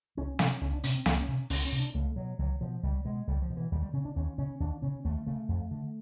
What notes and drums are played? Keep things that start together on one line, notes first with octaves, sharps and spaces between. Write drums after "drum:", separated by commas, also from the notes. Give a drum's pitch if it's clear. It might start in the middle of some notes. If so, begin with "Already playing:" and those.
C#2 C#4
C3 C#4, drum: snare
C#2 C#4
D4
C3 C#4, drum: hi-hat
C4
C#2 A#3, drum: snare
C#4
C3
C#2 C#4, drum: open hi-hat
C#4
C3
D4
C#2 A3
B2 F#3
C#2 F#3
B2 F3
C#2 G3
B2 G#3
C#2 G3
F3
B2
E3
D#2 G3
G3
C#3 C#4
D4
D#2 C#4
C#3 C#4
D#2 D4
C#3 C#4
D#2 A3
C#3 A3
F2
D3